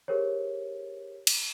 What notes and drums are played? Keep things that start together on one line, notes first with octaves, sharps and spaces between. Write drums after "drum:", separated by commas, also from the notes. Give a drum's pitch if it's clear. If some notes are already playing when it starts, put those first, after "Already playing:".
G4 G#4 A#4 C5 C#5
drum: cymbal